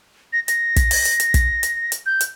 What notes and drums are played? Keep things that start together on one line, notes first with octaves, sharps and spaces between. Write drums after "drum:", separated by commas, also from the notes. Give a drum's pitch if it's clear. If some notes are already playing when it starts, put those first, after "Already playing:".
A#6
A#6, drum: hi-hat
drum: kick, hi-hat
drum: open hi-hat
drum: hi-hat
drum: hi-hat
drum: kick, hi-hat
drum: hi-hat
drum: hi-hat
G6
drum: hi-hat